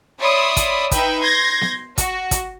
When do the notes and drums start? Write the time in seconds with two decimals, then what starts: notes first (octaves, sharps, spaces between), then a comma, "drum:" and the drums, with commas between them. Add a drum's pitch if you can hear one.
0.19 C#5 D5 E5 B5 C6 D#6
0.56 drum: kick, hi-hat
0.91 D#4 B4 E5 G5 B5, drum: kick, hi-hat
1.22 C6 G6 G#6 A#6
1.61 drum: snare B3
1.98 F#4, drum: kick, hi-hat
2.31 drum: kick, hi-hat